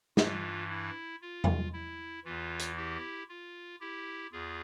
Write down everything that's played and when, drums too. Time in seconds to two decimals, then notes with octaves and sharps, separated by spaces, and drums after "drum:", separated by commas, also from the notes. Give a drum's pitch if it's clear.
0.17 G2 E3 F4, drum: snare
0.69 E4
1.21 F4
1.44 drum: tom E2
1.73 E4
2.24 E2 E3 F4
2.59 drum: hi-hat
2.77 E4 G4
3.29 F4
3.80 E4 G4
4.32 E2 F4 G#4